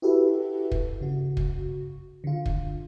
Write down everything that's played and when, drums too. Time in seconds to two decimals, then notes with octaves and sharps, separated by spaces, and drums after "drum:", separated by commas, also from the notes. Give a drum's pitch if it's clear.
0.02 E4 F#4 G4 A4 B4 E5
0.72 drum: kick
1.01 C#3 F#4
1.37 drum: kick
2.24 D3 F4
2.46 drum: kick